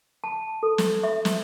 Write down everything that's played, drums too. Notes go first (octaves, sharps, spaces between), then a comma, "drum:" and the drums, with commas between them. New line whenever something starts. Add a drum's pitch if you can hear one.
A5
A4
drum: snare
E5
drum: snare